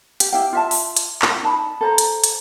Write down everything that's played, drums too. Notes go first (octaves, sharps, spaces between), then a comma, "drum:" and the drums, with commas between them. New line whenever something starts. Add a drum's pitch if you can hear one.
G4, drum: hi-hat
E4 G4 F5 G5
F4 E5 A5
drum: open hi-hat
drum: hi-hat
drum: clap
D#4 A5 B5
A4 C5 A#5
drum: hi-hat
drum: hi-hat